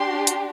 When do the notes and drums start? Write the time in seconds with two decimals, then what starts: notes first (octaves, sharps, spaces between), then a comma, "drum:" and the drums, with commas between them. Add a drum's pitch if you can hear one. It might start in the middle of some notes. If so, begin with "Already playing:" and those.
Already playing: D4 G4 C6
0.27 drum: hi-hat